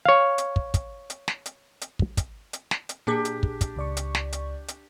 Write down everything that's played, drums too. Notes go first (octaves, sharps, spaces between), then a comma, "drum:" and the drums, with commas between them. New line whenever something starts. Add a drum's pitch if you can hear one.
C#5 F5
drum: hi-hat
drum: kick
drum: kick, hi-hat
drum: hi-hat
drum: snare
drum: hi-hat
drum: hi-hat
drum: kick
drum: kick, hi-hat
drum: hi-hat
drum: snare
drum: hi-hat
A#2 A#3 D4 G4 G#4
drum: hi-hat
drum: kick
drum: kick, hi-hat
C#2 D5 C#6
drum: hi-hat
drum: snare
drum: hi-hat
drum: hi-hat